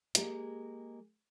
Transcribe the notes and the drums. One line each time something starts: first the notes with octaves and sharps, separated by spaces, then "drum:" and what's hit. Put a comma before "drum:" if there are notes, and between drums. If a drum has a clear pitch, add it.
G#3 A#3 G4 G#4, drum: hi-hat